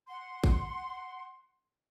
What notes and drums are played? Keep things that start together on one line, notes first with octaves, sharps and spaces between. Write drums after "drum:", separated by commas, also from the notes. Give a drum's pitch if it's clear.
F#5 C6
drum: kick A1